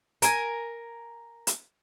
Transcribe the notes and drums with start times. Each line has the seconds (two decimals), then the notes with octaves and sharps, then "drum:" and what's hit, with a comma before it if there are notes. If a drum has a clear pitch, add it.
0.22 A#4 G#5, drum: hi-hat
1.47 drum: hi-hat